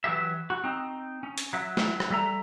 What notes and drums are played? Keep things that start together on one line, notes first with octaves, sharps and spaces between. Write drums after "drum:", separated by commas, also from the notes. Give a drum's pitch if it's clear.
E3 F#3 G4 G#4 E5
F#4
C4 D#4
C#4
drum: hi-hat
F#3 E5
drum: snare
drum: rim click
G3 A4 E5 A#5